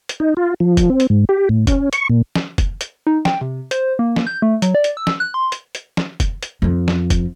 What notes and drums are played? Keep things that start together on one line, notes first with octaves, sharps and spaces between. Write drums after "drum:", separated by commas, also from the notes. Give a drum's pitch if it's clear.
drum: hi-hat
D#4
F4
F3
drum: kick, hi-hat
C4
drum: hi-hat
G#2
G4
A2
C#4, drum: kick, hi-hat
C#6, drum: hi-hat
A#2
drum: snare
drum: kick, hi-hat
drum: hi-hat
D#4
G5, drum: snare
C3
C5, drum: hi-hat
A#3
drum: snare
G6
A3
F#3, drum: hi-hat
D5
drum: hi-hat
E6
drum: snare
F#6
C6
drum: hi-hat
drum: hi-hat
drum: snare
drum: kick, hi-hat
drum: hi-hat
F2 F3
drum: snare
drum: kick, hi-hat